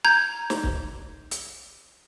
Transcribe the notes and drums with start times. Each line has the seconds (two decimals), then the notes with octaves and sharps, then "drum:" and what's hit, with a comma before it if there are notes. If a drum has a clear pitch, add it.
0.05 A#5 G6 G#6
0.50 drum: snare
0.63 drum: kick
1.31 drum: hi-hat